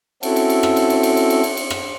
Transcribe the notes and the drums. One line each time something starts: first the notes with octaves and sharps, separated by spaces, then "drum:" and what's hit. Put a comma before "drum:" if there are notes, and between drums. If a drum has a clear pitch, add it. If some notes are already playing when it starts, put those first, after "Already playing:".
C4 C#4 E4 F#4 A4, drum: cymbal
drum: cymbal
drum: cymbal
drum: rim click
drum: cymbal
drum: cymbal
drum: cymbal
drum: cymbal
drum: cymbal
drum: cymbal
drum: cymbal
drum: rim click